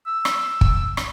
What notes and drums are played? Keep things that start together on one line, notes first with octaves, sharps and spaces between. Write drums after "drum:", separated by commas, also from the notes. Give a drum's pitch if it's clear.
E6
drum: rim click
drum: kick
drum: rim click